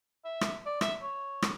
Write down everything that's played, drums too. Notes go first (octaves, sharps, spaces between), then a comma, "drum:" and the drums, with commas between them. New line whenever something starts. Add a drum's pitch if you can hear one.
E5
drum: rim click
D5
E5, drum: rim click
C#5
drum: rim click